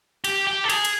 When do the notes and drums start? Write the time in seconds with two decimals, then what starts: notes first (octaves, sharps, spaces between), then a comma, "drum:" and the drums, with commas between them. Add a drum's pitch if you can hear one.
0.24 G4, drum: cymbal
0.47 G4
0.64 A4
0.70 G#4, drum: cymbal
0.85 drum: cymbal